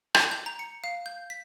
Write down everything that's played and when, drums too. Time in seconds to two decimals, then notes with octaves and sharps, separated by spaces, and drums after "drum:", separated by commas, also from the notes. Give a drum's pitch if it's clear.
0.15 D6, drum: rim click
0.31 G6
0.46 A#5
0.59 C#7
0.84 F5
1.06 G6
1.30 B6